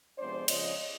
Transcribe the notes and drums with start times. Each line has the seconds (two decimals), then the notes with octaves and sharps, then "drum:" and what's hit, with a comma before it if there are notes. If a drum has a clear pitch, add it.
0.17 C3 F3 G#3 B3 D4 C5 D5
0.48 F2 C#3 F3 G#3 C#5 D#5, drum: cymbal